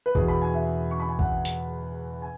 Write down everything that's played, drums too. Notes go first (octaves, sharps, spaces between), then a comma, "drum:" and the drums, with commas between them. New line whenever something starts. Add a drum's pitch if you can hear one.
B4
E2 B2 G#4, drum: kick
B5
G#5
E5
C#6
B5
G#5
F#5, drum: kick
drum: hi-hat
G#5